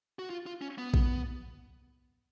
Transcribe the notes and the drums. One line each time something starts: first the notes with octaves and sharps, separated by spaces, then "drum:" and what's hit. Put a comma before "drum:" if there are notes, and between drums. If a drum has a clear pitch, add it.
F#4
F4
F4
C#4
B3
drum: kick A#1